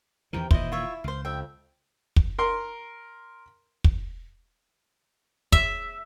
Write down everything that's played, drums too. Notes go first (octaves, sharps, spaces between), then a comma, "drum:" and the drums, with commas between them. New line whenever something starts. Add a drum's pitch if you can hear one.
E2 C3 D#3 E3 A#4 G5
A#2 D#3 E3 E4 C5 D#5, drum: kick
F4 C#5 E5
C#2 C5 F5
F2 E5 G5
drum: kick
A#4 C6
drum: kick
E5, drum: kick